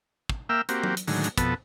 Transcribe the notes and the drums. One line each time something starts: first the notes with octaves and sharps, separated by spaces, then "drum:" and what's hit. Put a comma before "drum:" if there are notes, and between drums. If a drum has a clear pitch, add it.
drum: kick
A#3 E5 G5 E6 F6
A#3 C4 F#4 G4, drum: hi-hat
drum: tom F#3
drum: hi-hat
A2 D3 D#3 F#3 G#3, drum: open hi-hat
drum: hi-hat
F2 B2 B3 A4, drum: kick, hi-hat